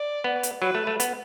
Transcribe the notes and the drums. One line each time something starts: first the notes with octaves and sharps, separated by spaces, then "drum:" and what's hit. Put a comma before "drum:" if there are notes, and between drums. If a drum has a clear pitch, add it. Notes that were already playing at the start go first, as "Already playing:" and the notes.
Already playing: D5
B3
drum: hi-hat
F#3 B4
A3
A3
B3, drum: hi-hat